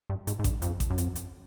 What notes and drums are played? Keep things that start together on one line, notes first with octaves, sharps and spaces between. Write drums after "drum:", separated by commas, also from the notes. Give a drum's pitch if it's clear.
G2
G#2, drum: hi-hat
G#2
G2, drum: kick A1, hi-hat
F2, drum: hi-hat
drum: kick A1, hi-hat
F#2
F2, drum: hi-hat
drum: hi-hat